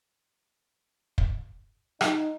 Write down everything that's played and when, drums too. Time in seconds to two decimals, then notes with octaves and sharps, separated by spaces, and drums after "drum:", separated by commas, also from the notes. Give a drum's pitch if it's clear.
1.18 drum: kick
2.01 D#4, drum: rim click